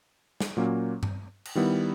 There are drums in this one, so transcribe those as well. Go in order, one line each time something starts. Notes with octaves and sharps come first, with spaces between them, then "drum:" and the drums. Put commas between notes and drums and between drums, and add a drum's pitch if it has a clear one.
drum: snare
A#2 F#3 A#3 C#4
drum: tom G2
drum: cymbal
D#3 G3 B3 E4